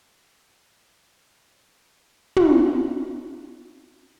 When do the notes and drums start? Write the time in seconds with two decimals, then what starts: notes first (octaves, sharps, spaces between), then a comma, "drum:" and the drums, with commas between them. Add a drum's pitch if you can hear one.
1.53 F#1 F2 F#3 G4 C#5
1.91 G2 D#5
2.36 drum: tom
3.04 E3 F#3